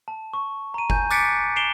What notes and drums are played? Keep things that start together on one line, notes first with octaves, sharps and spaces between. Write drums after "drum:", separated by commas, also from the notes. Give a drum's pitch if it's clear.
A5
C#6
A#5 D#7
G#5 G6, drum: kick F#1
D6 F#6 A6 B6 C#7 D7, drum: tambourine
C7 D7 E7 F7 G7